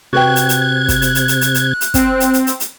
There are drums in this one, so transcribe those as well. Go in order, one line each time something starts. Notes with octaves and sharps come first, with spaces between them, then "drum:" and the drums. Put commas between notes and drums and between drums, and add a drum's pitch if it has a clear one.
C3 F#4 B4 G5 F#6 G#6
drum: hi-hat
drum: hi-hat
drum: kick, hi-hat
drum: hi-hat
drum: hi-hat
drum: hi-hat
drum: hi-hat
drum: hi-hat
drum: hi-hat
C4, drum: kick, hi-hat
drum: hi-hat
drum: hi-hat
drum: hi-hat
drum: hi-hat